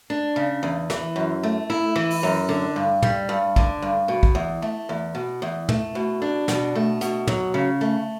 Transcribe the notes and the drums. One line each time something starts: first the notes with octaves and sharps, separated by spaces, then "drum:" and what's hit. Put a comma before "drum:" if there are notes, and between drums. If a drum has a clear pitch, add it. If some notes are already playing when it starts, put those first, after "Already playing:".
D4
C#3
E2
E3, drum: snare
F#2
A3
E4
E3
drum: open hi-hat
F#2
D3
G2
G3, drum: tom
G2
D3, drum: kick A1
G2
B2
drum: kick A1
E2
A3
E2
B2
E2
A3, drum: tom
B2
D4
B2, drum: snare
A3
B2, drum: hi-hat
F#3, drum: tom
C#3
A3